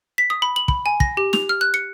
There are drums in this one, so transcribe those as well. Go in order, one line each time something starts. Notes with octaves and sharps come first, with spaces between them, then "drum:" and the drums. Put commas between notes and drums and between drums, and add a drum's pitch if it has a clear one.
B6
D#6
B5
F#7
B5, drum: kick
G#5
A#6, drum: kick
G4
F7, drum: snare
F6
F#6
C#7